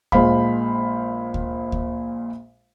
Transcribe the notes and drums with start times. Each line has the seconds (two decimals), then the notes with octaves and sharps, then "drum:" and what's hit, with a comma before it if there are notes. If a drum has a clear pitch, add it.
0.12 A#1 A#2 G#3 C5 F5 B5, drum: kick D2
1.34 drum: kick D2
1.72 drum: kick D2